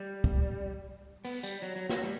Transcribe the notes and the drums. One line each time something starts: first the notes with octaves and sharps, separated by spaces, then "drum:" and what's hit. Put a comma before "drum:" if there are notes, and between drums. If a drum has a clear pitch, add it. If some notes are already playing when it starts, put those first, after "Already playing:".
Already playing: G3
drum: kick
B3, drum: open hi-hat
G3, drum: tambourine
F#3
F#3
F#3, drum: snare
G3